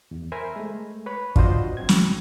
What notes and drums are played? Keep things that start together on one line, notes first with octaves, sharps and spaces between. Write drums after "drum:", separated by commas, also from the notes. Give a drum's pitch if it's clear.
E2
A#4 C5 E5 G#5 A#5 B5
G#3 A3
B4 C#5 B5
D4 F4 F#4 C5 D#5, drum: kick
F#3 C4 G#6
drum: snare